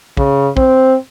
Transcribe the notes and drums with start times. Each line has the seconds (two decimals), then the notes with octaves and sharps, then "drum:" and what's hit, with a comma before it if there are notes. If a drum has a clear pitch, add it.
0.17 C#3, drum: kick
0.57 C4, drum: kick